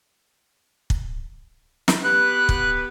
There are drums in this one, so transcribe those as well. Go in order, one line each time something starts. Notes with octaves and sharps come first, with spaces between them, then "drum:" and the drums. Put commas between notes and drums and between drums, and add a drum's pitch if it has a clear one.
drum: kick
drum: snare
B3 G4 B4 F#6
drum: kick